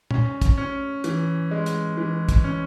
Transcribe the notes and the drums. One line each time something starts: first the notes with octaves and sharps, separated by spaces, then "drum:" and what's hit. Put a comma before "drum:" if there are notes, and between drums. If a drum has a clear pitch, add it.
C#4, drum: tom
drum: kick, hi-hat
C#4
E3, drum: hi-hat
G#3
drum: hi-hat
E3
drum: kick, hi-hat
C#4